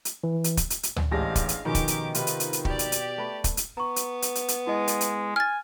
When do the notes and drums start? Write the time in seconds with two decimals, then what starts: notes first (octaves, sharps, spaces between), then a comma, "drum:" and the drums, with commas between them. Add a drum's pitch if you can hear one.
0.05 drum: hi-hat
0.24 E3
0.44 drum: hi-hat
0.57 drum: kick, hi-hat
0.70 drum: hi-hat
0.83 drum: hi-hat
0.96 drum: tom D2
1.11 A1 G#3 D4 G4 F5 A#6
1.35 drum: kick, hi-hat
1.49 drum: hi-hat
1.65 B2 D#3 F3 C#4 D#4 G4 D6
1.75 drum: kick, hi-hat
1.88 drum: hi-hat
2.15 C3 B3 F4 B4, drum: hi-hat
2.27 drum: hi-hat
2.40 drum: hi-hat
2.53 drum: hi-hat
2.65 B2 G4 D5, drum: kick
2.79 drum: hi-hat
2.92 drum: hi-hat
3.18 A3 B4
3.44 drum: kick, hi-hat
3.57 drum: hi-hat
3.77 B3 A#5 C#6
3.96 drum: hi-hat
4.22 drum: hi-hat
4.35 drum: hi-hat
4.48 drum: hi-hat
4.67 G#3 E4 D#5
4.88 drum: hi-hat
5.01 drum: hi-hat
5.36 G#5 F6 A6